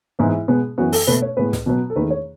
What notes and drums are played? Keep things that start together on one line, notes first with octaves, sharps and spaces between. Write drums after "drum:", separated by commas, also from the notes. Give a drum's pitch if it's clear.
G#2 E3 G#3 B3 E4
B2 G#3 B3
F#2 E3 B3 F#4
A4, drum: open hi-hat
B2 A3 B4
C#5
A2 G#3 B3 B4
drum: snare
B2 F#3 B3
A4
E2 D#3 A3 B4
C#5